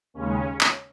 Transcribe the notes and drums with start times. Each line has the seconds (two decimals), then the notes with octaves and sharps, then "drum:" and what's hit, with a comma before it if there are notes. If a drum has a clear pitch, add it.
0.14 D#2 C#3 G#3 C#4
0.61 drum: clap